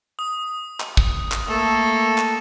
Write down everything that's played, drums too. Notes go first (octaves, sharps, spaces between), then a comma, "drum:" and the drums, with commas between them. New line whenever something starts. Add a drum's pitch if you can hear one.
D#6
drum: clap
drum: kick
drum: clap
A3 A#3 A4
drum: clap